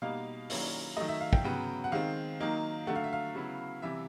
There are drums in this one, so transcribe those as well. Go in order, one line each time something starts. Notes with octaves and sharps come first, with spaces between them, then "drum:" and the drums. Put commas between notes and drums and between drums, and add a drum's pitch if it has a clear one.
B2 G3 A#3 D#4 F5
D#3 F#3 A#3 C#4 E4, drum: open hi-hat
D#3 F#3 A3 D#5
E5
F5
G5, drum: kick
C#3 F#3 B3 G5
F#5
D#3 G#3 C4 F5
D#3 F#3 A#3 D#4
D3 F#3 A3 F#5
F5
E5
F5
C#3 F#3 B3 E4
C3 E3 G3 E5